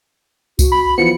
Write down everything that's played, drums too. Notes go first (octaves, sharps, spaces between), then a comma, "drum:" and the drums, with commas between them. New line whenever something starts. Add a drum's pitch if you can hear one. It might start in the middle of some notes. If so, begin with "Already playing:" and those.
F#4, drum: kick C2, tambourine
B5
E3 F3 B3 C#7